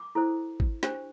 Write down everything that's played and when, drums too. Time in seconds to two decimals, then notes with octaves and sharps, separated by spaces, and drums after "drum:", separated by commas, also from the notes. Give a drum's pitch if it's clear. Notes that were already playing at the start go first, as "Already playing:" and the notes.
Already playing: D6
0.15 E4 A4 C5
0.60 drum: kick G#1
0.83 D4 G4 C5, drum: snare